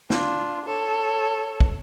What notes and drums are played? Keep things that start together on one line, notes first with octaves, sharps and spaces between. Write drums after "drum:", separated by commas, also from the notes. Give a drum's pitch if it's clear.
D4 F4, drum: snare
A4 C#5
drum: kick